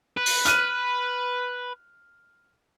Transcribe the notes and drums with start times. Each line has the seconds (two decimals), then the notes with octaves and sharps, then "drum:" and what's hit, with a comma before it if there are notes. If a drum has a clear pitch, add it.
0.17 B4
0.26 drum: open hi-hat
0.45 F6 F#6 D#7, drum: hi-hat